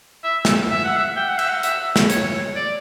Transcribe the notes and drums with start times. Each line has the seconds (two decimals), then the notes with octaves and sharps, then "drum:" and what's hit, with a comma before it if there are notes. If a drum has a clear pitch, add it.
0.24 E5
0.45 drum: snare
0.71 E5
0.84 F#5
0.97 E5
1.17 G5
1.28 F#5
1.39 E5, drum: cymbal
1.49 F#5
1.63 E5, drum: hi-hat
1.96 drum: snare
2.10 C#5, drum: hi-hat
2.56 D5